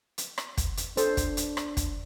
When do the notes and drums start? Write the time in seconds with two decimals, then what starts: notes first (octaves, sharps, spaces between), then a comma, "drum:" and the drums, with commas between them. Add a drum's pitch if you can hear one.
0.18 drum: hi-hat
0.38 drum: rim click
0.57 drum: kick, hi-hat
0.77 drum: hi-hat
0.97 D4 A4 C5, drum: hi-hat
1.17 drum: kick, hi-hat
1.37 drum: hi-hat
1.57 drum: rim click
1.77 drum: kick, hi-hat